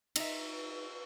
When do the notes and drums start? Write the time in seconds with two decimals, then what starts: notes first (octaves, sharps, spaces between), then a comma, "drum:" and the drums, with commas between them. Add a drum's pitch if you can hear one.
0.16 D#4 E5, drum: cymbal